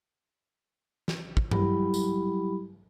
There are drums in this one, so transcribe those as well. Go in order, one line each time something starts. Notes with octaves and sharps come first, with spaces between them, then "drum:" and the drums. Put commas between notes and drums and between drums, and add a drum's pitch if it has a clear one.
drum: snare
drum: kick
F#3 G3 E4 G4 B5, drum: tom G2
drum: tambourine